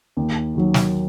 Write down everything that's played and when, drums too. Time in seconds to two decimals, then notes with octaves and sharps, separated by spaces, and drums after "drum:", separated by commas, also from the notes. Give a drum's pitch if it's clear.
0.17 D#2
0.55 D#3 F#3
0.74 drum: snare